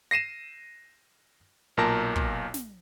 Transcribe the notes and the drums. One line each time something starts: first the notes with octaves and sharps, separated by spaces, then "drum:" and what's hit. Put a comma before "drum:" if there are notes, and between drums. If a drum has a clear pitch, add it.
A#6 C7 D#7 E7
B1 A#2 A#4 A5 A#6
drum: kick
drum: snare